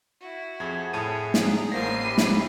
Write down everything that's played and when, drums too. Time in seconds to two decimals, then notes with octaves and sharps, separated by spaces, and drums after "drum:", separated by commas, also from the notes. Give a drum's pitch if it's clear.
0.21 E4 F#4
0.60 F2 G#4 F#5 G#6
0.93 A2 C#5 E5 A5 D#7
1.34 D4 A#5, drum: snare
1.72 A1 A#3 C5 A#6 C7 D#7
2.04 E4 G4 B5
2.18 drum: snare